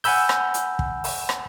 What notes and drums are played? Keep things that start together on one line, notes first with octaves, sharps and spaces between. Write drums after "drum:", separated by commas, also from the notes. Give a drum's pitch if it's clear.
F#5 G#5 B5 E6 G6, drum: open hi-hat
drum: rim click
drum: hi-hat
drum: kick
drum: open hi-hat
drum: rim click